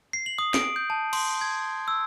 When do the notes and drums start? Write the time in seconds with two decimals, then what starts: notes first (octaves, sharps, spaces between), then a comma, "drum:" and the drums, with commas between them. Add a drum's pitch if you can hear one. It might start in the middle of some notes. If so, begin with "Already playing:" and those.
0.13 C7
0.26 F#7
0.38 D#6
0.54 D7, drum: snare
0.76 G6
0.90 A5
1.13 C6, drum: cymbal
1.41 G#6
1.88 E6